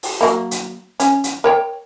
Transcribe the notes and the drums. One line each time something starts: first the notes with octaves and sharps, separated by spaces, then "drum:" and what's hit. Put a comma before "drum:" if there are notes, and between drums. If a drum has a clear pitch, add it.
drum: open hi-hat
F#3 A#3
drum: hi-hat
C#4, drum: hi-hat
drum: hi-hat
A#4 C#5 G5